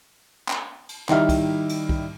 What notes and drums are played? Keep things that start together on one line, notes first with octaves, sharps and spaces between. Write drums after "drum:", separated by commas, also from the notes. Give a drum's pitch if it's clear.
drum: clap
drum: cymbal
D#3 G3 D#4 E4 E5 F6, drum: clap
drum: kick, cymbal
drum: cymbal
drum: kick